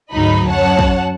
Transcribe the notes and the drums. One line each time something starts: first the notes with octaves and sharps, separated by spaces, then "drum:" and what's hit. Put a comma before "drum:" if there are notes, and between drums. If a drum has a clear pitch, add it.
D2 G#2 F#3 D#4 D#5 B5
F#2 C#5 F#5 A5
drum: kick